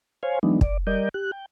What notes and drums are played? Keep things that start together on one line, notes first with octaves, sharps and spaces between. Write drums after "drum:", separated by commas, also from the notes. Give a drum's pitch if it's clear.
C5 C#5 F5 G#5
E3 F#3 G#3 B3 D4 D#4
D5, drum: kick
G3 A#4 D5 D#5 G6
G4 F#6
G5